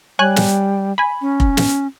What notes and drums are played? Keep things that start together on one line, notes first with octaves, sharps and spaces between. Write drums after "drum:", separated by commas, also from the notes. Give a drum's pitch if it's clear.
G3 C#5 G#5 F#6
drum: snare
G#5 B5
C#4
drum: kick F1
drum: snare